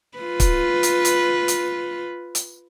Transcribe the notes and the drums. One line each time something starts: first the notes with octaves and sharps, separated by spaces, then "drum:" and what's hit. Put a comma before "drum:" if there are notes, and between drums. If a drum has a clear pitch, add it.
F4 B4
drum: kick, hi-hat
drum: hi-hat
drum: hi-hat
drum: hi-hat
drum: hi-hat